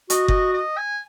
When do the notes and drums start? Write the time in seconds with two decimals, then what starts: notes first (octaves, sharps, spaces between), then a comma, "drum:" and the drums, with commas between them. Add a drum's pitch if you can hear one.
0.10 F#4 D#5, drum: hi-hat
0.28 D#5, drum: kick F#1
0.53 D#5
0.77 G#5